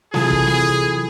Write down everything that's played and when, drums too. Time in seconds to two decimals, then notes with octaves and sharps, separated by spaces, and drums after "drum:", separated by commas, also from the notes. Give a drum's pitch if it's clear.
0.14 C3 E3 F#3 F4 G#4 A4, drum: snare
0.30 drum: kick
0.47 drum: snare